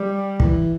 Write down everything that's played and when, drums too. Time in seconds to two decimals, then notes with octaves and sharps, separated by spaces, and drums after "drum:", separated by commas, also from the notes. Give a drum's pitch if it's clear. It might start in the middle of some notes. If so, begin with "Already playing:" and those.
Already playing: G3
0.40 E3, drum: kick